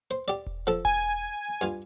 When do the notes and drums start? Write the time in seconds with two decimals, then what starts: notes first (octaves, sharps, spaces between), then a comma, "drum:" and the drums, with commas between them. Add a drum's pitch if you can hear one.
0.11 C5
0.28 G4 D5
0.46 drum: kick E1
0.67 F3 A4
0.85 G#5, drum: kick E1
1.61 G2 F4